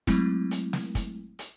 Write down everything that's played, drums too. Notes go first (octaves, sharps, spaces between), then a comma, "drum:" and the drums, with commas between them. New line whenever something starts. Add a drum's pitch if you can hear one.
F#3 G#3 A3 C4 E4, drum: kick, hi-hat
drum: hi-hat
drum: snare
drum: kick, hi-hat
drum: hi-hat